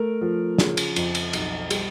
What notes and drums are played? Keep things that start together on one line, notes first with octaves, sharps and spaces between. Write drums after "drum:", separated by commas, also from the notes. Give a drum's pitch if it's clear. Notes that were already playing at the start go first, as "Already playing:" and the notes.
Already playing: A3 A#4
F3
C#3, drum: snare
drum: cymbal
F2, drum: cymbal
drum: cymbal
B1, drum: cymbal
G3, drum: cymbal